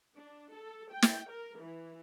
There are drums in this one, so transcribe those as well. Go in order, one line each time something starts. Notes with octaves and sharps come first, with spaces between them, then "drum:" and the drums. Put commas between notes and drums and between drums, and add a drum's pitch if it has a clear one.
D4
A4
G5
drum: snare
A#4
E3